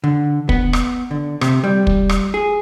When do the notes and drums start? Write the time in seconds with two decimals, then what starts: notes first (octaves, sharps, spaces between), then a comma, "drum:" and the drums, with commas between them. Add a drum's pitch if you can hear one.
0.04 D3
0.49 B3, drum: kick
0.73 drum: rim click
1.11 D3
1.41 C3, drum: rim click
1.64 G3
1.87 drum: kick
2.09 drum: rim click
2.34 G#4